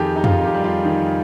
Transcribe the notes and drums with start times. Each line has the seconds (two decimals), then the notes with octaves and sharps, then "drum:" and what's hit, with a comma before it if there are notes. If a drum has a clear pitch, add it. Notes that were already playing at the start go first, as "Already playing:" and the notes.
Already playing: F2 D#3 G4 G#4
0.16 D#4
0.24 F2 F4, drum: tom
0.44 G4
0.54 G3
0.64 F4
0.85 D#3